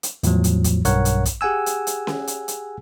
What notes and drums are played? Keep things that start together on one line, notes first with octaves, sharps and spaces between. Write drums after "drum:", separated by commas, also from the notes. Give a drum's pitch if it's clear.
drum: hi-hat
E2 A2 F3 F#3, drum: hi-hat
drum: hi-hat
drum: kick, hi-hat
B1 G2 A#4 C#5 F#5, drum: hi-hat
drum: hi-hat
drum: kick, hi-hat
G4 G#4 F#5 G#5 E6
drum: hi-hat
drum: hi-hat
drum: snare C#4
drum: hi-hat
drum: hi-hat